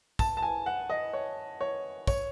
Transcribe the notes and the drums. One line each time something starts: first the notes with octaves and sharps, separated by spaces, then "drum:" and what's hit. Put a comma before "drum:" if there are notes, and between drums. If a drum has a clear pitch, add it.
A5, drum: kick, tambourine
A5
G#5
F#5
D#5
C#5
C#5
C#5, drum: kick, tambourine